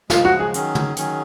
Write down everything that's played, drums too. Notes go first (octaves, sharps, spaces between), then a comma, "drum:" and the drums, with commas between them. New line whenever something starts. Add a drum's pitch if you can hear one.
C#3 F3 G#3 F4, drum: snare
F#4
G#4
D#3 F#3 C#4 G#4, drum: hi-hat
drum: tom
D#3 F#3 C#4 G#4, drum: hi-hat